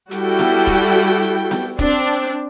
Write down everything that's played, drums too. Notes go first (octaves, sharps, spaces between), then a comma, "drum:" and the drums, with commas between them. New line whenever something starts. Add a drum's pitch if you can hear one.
G3 E4 F#4 A4 G5, drum: hi-hat
drum: snare B3
drum: kick, hi-hat
drum: hi-hat
drum: snare B3
C4 D4, drum: kick, hi-hat